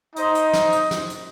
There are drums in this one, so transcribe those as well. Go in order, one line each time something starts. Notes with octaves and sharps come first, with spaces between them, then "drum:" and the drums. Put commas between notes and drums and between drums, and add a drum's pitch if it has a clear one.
D#4 C5 D#5, drum: hi-hat
drum: hi-hat
drum: snare
drum: hi-hat
drum: snare
drum: hi-hat